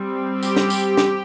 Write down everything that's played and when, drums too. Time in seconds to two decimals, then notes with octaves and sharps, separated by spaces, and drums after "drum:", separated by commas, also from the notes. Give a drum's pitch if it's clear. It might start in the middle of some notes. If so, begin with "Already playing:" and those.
Already playing: G3 C4
0.43 G4, drum: tambourine
0.57 drum: snare
0.70 drum: tambourine
0.98 drum: snare